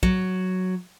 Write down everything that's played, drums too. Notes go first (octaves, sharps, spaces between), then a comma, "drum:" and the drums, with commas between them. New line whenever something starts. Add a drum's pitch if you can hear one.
F#3, drum: kick